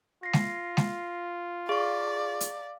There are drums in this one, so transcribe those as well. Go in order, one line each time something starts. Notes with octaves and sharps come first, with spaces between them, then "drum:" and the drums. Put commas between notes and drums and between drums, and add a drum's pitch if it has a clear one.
F4 A#6 C7
drum: snare G#3
drum: snare G#3
G#4 D5 F5 C#6
drum: hi-hat